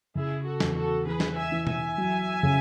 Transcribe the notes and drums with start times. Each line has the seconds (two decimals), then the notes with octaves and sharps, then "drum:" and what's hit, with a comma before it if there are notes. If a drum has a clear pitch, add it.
0.15 C#3 E4 G#4
0.45 F#4 A4
0.60 E2, drum: snare
0.76 F#4 A4
1.06 E3 G#4 B4
1.20 drum: snare
1.36 E5 G#5
1.51 E3
1.67 E5 G#5, drum: tom B2
1.98 F#3
2.43 C#3